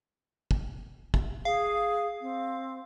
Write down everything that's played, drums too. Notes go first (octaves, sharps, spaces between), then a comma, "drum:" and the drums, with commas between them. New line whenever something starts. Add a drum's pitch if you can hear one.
drum: kick
drum: kick
G#4 F5
C4